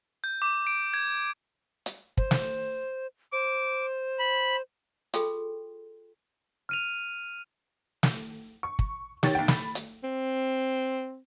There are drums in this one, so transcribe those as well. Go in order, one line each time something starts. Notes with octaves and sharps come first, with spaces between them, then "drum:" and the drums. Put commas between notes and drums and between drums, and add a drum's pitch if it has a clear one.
G6
D6
D7
G#6
drum: hi-hat
C5, drum: kick
drum: snare
C5 D6
B5
F4 G#4 A4 G5 C6, drum: hi-hat
F6 D#7 F7
drum: snare
C#6
drum: kick
D#3 G4 C#5 A6, drum: snare
B1 G5
B5, drum: snare
drum: hi-hat
C4